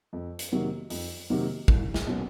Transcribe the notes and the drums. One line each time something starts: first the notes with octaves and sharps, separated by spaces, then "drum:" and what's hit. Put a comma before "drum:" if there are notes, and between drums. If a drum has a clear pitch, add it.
F2
drum: hi-hat
C3 D#3 F#3 A#3
F2, drum: open hi-hat
C3 D#3 F#3 A#3
C2, drum: kick
drum: snare
B2 F#3 A#3 C#4